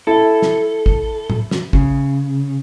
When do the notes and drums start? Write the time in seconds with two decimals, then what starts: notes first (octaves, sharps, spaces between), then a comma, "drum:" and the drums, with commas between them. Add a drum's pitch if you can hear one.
0.07 E4 A4
0.42 drum: snare
0.86 drum: kick
1.30 drum: tom A2
1.51 drum: snare
1.73 C#3, drum: kick